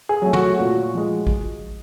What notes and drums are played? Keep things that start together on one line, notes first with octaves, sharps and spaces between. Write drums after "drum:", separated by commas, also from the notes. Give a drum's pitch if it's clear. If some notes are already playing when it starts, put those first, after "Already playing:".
G#4
F#3 A3
F#4, drum: tom
A#2 F#4
F3 G#3
drum: kick